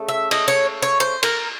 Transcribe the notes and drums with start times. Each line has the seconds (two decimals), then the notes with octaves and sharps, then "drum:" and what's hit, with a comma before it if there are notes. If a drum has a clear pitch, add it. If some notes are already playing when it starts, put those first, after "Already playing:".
Already playing: C#3 A3
0.09 E5
0.31 D#5, drum: cymbal
0.48 C#5
0.82 C#5
1.00 C5
1.23 A#4, drum: cymbal